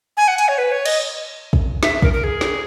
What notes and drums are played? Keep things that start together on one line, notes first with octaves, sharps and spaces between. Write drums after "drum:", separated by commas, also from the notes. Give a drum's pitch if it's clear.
G#5
F#5
G#5, drum: hi-hat
C#5
B4
C#5
D#5, drum: cymbal
drum: kick
E5, drum: snare
A#4, drum: kick
A#4
G#4
drum: snare